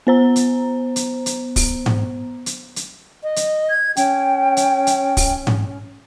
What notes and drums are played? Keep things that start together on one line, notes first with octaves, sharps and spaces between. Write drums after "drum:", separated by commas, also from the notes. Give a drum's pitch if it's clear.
B3 C5 A#5
drum: hi-hat
drum: hi-hat
drum: hi-hat
drum: kick, open hi-hat
drum: tom G#2
drum: hi-hat
drum: hi-hat
D#5
drum: hi-hat
G#6
C#4 G5, drum: hi-hat
drum: hi-hat
drum: hi-hat
drum: kick, open hi-hat
drum: tom G#2